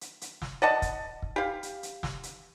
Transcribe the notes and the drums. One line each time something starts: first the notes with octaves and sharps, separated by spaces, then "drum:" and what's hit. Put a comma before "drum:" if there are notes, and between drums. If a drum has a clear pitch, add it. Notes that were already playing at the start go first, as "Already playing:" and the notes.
drum: hi-hat
drum: hi-hat
drum: snare
D5 D#5 F#5 A5
drum: kick, hi-hat
drum: kick
G4 F5
drum: hi-hat
drum: hi-hat
drum: snare
drum: hi-hat